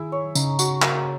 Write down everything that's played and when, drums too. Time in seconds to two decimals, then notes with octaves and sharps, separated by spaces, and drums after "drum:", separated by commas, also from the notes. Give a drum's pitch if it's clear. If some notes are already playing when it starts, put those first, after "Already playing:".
Already playing: D#3 E4 G#4
0.12 C#5
0.35 C#3 D#4, drum: tambourine
0.59 F#4, drum: tambourine
0.82 A#3, drum: clap